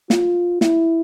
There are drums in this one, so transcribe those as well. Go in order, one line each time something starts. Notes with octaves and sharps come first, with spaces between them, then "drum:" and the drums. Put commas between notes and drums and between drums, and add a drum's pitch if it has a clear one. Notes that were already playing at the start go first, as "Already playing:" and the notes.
F4, drum: snare
E4, drum: snare